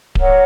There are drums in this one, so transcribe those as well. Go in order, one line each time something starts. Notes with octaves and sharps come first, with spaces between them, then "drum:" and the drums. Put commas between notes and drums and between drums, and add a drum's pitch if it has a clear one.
A#4 C#5 F#5, drum: kick D1